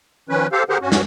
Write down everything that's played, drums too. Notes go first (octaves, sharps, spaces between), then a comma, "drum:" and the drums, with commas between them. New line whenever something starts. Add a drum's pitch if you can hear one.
D#3 F3 C#4 B4
G4 A4 C5 F5
D3 G4 G#4 A#4 C5 F#5
G2 C#4 F#4
drum: snare